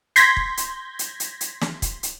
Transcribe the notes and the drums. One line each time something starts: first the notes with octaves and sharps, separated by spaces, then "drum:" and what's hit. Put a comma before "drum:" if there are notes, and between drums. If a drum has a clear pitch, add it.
C6 G6 G#6 A#6 B6, drum: hi-hat
drum: kick
drum: hi-hat
drum: hi-hat
drum: hi-hat
drum: hi-hat
drum: snare
drum: kick, hi-hat
drum: hi-hat